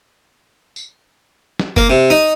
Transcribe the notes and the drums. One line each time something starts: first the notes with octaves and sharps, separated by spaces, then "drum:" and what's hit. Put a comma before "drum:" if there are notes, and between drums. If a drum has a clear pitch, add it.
drum: tambourine
drum: snare
A#3, drum: kick F#1
C3
D#4